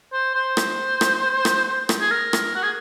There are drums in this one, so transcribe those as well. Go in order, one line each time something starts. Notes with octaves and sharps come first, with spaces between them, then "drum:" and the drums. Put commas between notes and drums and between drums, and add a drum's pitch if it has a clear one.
C5
C5
drum: rim click
drum: rim click
drum: rim click
drum: rim click
G#4
A#4
drum: rim click
F#4
G#4